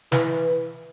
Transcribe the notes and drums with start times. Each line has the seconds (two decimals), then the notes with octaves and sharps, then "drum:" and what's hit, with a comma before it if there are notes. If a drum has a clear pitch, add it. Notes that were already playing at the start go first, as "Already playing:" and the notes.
0.12 E3, drum: snare